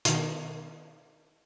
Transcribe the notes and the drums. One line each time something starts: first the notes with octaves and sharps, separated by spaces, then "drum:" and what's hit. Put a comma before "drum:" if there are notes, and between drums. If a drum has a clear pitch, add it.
B2 D#3, drum: hi-hat